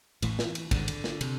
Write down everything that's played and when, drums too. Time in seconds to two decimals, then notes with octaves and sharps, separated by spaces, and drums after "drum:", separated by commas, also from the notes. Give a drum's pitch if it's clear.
0.22 A1 A2 E3, drum: cymbal
0.39 drum: snare
0.55 drum: cymbal
0.71 G#1 G#2 D3, drum: kick, cymbal
0.88 drum: cymbal
1.04 drum: snare
1.21 C3, drum: cymbal